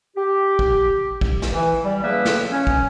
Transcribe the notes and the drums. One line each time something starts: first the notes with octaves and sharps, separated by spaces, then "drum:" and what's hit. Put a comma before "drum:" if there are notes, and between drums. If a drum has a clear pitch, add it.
G4
drum: kick
drum: kick
drum: snare
E3
G3
E2 C#3 F3 A#3 B4 E5
drum: snare
C#4
drum: kick